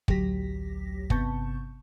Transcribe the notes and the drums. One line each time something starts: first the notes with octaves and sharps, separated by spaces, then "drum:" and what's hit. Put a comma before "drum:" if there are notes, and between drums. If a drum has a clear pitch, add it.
A1 D2 F#3 G4 A#6 B6, drum: kick
G1 C3 B3 A5 C#6 G6, drum: kick